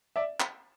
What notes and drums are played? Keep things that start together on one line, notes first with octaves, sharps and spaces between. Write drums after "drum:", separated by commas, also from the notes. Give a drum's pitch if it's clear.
D5 E5
drum: clap